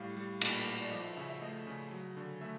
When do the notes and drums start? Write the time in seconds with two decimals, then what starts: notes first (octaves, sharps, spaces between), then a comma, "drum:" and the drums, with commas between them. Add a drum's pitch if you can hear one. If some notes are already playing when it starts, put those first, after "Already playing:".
Already playing: A2 G3 F5
0.17 G3
0.41 A#2, drum: cymbal
0.66 A#2
0.81 D5
0.91 F3 D#5
1.04 E5
1.17 C#3 E5
1.29 E5
1.41 A3 D#5
1.67 C#3
1.91 F#3
2.17 D3
2.41 A3 E5